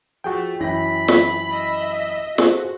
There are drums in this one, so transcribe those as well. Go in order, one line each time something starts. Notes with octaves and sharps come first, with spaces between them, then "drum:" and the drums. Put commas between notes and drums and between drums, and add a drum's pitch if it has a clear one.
F3 A3 F#4 G#4 G5
F#2 E3 E4 G5 B5 A#6
B6, drum: snare
D#5 E5
F#4 G#4 A4 C5, drum: snare